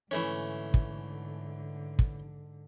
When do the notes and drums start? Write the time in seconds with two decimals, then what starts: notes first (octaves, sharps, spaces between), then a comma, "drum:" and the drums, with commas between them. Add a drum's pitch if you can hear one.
0.11 G#2 D3 E3 A3 C#4
0.74 drum: kick
1.99 drum: kick